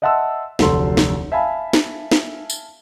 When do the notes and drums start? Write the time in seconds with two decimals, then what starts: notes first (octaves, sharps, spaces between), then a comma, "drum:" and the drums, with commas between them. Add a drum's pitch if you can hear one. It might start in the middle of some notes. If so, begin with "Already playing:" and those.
0.02 D#5 E5 F#5 A5 C6 E6
0.59 F1 D2 F#3 A4 C6, drum: snare
0.97 drum: snare
1.32 E5 F5 G#5 A5 B5
1.73 drum: snare
2.12 drum: snare
2.50 drum: tambourine